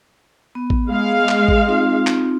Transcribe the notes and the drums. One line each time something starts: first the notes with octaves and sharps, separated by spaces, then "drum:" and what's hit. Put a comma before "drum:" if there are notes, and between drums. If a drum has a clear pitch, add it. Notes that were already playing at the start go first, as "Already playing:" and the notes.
B3
drum: kick A1
G#3 F5
drum: clap
drum: kick A1
C4 D#4 F4
drum: clap